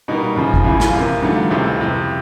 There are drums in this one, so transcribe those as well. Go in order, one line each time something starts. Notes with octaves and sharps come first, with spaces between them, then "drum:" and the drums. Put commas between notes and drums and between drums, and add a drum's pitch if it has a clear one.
B2 G3 A#3 D#4
F#2 C#3 F3
drum: kick
F#2 C#3 E3 E4
F4, drum: snare
F2 C3 F3 A#3
G2 D#3 F#3 A3
C#2 C3 E3 A3 E4
F2 C3 F3